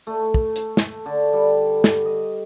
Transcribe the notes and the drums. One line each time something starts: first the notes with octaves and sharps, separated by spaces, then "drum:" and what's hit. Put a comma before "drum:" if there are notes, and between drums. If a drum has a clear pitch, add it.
A3
drum: kick
drum: hi-hat
drum: snare
D3
G3
drum: snare
D#5